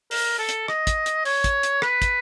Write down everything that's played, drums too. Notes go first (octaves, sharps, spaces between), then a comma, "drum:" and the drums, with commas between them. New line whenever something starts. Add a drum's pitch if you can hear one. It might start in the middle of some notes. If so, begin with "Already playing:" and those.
A#4, drum: open hi-hat
A4
drum: hi-hat
D#5, drum: rim click
drum: kick, hi-hat
drum: hi-hat
C#5, drum: open hi-hat
drum: kick, hi-hat
drum: hi-hat
B4, drum: rim click
drum: kick, hi-hat